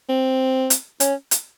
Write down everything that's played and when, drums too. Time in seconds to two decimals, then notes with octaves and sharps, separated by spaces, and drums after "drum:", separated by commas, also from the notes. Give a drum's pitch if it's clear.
0.09 C4
0.70 drum: hi-hat
1.00 C#4, drum: hi-hat
1.31 drum: hi-hat